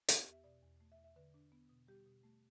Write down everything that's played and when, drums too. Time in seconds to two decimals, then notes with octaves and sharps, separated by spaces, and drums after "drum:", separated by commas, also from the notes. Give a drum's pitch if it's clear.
0.09 B3 G4, drum: hi-hat
0.20 G4
0.27 E2
0.32 E5
0.44 B2 D5
0.63 E2
0.80 A3
0.92 E5
0.99 E2
1.04 E5
1.16 D3 B4
1.34 D4
1.52 B3
1.69 B2
1.87 G3 G4
2.06 B2
2.23 A3